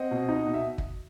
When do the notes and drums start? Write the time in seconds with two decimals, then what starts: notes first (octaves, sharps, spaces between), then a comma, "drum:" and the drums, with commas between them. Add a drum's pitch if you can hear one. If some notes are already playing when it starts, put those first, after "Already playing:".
Already playing: C4 D#5 F#5
0.11 B2
0.29 D#4
0.47 B2
0.54 E5
0.78 drum: kick